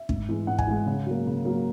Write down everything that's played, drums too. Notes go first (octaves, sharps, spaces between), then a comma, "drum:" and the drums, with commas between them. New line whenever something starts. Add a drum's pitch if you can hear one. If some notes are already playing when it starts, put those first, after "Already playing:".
Already playing: E5
G#2, drum: kick
E3 G#3
G#2 F#5
G#5, drum: kick
E3 G#3 F#5
C#3
F#3 A#3
C#3
F#3 A#3